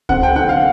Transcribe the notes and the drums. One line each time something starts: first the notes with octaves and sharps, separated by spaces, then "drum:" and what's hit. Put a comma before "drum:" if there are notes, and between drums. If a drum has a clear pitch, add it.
C4 F#5, drum: kick C#2
G5
D3 F#5
F5